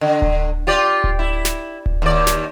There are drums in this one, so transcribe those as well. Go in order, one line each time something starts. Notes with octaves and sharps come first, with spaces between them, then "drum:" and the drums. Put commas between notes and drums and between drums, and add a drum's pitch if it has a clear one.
D3
drum: kick D1
F4 G4 D5
drum: kick D1
E4
drum: snare
drum: kick D1
D#2 D5
drum: snare